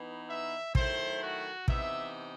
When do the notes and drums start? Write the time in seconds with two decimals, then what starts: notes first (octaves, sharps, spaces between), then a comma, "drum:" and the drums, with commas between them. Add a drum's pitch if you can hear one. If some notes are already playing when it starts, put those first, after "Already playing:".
Already playing: E3 B3 D#4
0.29 E5
0.75 D#3 F#3 A3 E4 C5, drum: kick
1.22 F#4
1.68 C3 E3 B3 D#4 E5, drum: kick